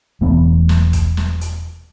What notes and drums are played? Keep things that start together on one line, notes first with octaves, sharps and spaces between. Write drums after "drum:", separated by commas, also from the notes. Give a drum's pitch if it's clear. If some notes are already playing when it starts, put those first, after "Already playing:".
E1 E3 A3 B3
drum: snare
drum: kick D#1, hi-hat
drum: snare
drum: hi-hat